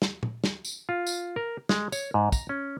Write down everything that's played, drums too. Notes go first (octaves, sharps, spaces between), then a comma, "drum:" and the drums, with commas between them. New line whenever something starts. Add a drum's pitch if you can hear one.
drum: snare
drum: tom
drum: snare
drum: tambourine
F4
drum: tambourine
A#4
G#3, drum: snare
C#5, drum: tambourine
G#2
A#5, drum: kick, tambourine
C#4